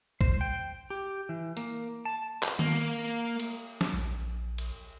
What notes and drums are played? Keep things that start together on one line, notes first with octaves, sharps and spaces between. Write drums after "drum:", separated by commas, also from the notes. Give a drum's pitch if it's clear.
C5, drum: kick
G5
G4
E3
A#3, drum: hi-hat
A5
drum: clap
A#3, drum: tom D#3
drum: cymbal
drum: snare
A#1
drum: cymbal